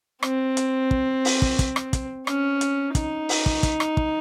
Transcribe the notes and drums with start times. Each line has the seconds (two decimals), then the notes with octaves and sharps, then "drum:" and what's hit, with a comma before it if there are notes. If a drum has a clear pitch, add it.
0.23 C4, drum: rim click
0.57 drum: hi-hat
0.91 drum: kick
1.25 drum: open hi-hat
1.42 drum: kick
1.59 drum: kick, hi-hat
1.76 drum: rim click
1.93 drum: kick, hi-hat
2.27 C#4, drum: rim click
2.61 drum: hi-hat
2.95 D#4, drum: kick, hi-hat
3.29 drum: open hi-hat
3.46 drum: kick
3.63 drum: kick, hi-hat
3.80 drum: rim click
3.97 drum: kick